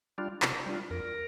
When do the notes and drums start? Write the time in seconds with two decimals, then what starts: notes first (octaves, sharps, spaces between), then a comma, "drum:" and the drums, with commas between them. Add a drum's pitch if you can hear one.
0.18 G3 D4 F4
0.42 C3, drum: clap
0.66 G3 D4 F4
0.90 F2 A#4